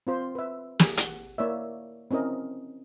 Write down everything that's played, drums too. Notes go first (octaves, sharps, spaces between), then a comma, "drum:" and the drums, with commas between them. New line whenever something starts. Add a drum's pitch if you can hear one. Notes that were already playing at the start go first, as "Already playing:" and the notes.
C4 F4 C5
B4 E5
G4 G#4, drum: snare
F#5, drum: hi-hat
A#3 E4 C#5 D5 E5
C4 C#4 E4 A#4 D#5